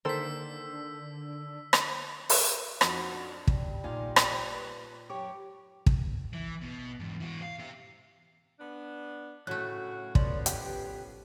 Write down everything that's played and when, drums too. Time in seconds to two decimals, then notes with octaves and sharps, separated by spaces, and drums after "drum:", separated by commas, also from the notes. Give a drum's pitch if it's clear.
0.05 D3 D#3 A#3 A4 C5 E6 B6
1.73 drum: rim click
2.29 drum: open hi-hat
2.81 F2 F3 D#4 F#4, drum: rim click
3.13 D4
3.48 G3, drum: kick
3.83 A#2 D#4 F4 D5 G#5 A#5
4.16 drum: rim click
4.54 B4
5.10 F#2 G4 C#5 C#6 D6
5.87 drum: kick
6.33 E3
6.61 B2
7.00 E2 G#2
7.20 E3 F#4
7.42 F5
7.59 G4 E5
8.60 B3 D4
9.47 A2 C#3 F#3 A3 F#4 F#6
10.15 F3 B3 C#4 D5 C6, drum: kick
10.46 G4 B4 G5, drum: hi-hat